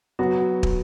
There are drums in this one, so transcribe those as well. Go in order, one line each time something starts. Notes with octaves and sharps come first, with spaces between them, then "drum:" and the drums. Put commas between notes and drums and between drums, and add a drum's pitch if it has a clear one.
F#3 B3 F#4
drum: kick